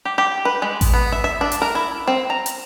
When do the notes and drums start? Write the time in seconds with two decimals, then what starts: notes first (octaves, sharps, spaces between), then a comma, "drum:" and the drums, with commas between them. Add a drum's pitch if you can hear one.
0.05 G4
0.18 G4
0.45 B4
0.62 G#3
0.81 drum: kick A1, open hi-hat
0.94 B3
1.12 E5
1.24 E5
1.41 D4
1.52 drum: hi-hat
1.62 A#4
1.75 E4
2.08 C4
2.30 A#5
2.46 drum: hi-hat